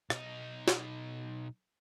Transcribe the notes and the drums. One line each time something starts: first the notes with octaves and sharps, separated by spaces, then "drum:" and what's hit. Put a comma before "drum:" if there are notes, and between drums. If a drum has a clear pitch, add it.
B1 D#4, drum: rim click
drum: snare